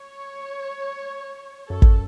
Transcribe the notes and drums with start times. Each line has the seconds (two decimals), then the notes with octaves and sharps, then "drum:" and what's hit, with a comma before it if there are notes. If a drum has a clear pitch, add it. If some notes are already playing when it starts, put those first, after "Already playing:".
Already playing: C#5
1.69 F#2 A4
1.82 drum: kick